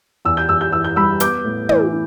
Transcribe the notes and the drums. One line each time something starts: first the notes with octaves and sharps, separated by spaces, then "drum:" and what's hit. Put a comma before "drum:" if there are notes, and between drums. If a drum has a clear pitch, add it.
E2 E6
G6
E2 E6
G6
E3 E6
G6
G3 B5 E6
B3 D6 G6, drum: hi-hat
A2
E3, drum: tom